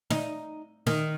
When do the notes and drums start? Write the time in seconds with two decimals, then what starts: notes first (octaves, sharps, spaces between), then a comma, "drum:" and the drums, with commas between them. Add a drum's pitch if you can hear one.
0.11 D#4, drum: snare
0.87 D#3, drum: snare